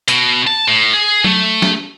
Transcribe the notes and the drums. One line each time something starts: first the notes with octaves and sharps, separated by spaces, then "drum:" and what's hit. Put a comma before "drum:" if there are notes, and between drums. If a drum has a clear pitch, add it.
B2, drum: hi-hat
A5
A2
G#4
A3, drum: tom F#3
drum: snare